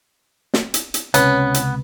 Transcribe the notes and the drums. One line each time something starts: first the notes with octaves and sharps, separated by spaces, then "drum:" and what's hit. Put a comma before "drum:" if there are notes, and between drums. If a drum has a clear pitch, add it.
drum: snare
drum: hi-hat
drum: hi-hat
C#2 C3 B3 C#4, drum: hi-hat
drum: hi-hat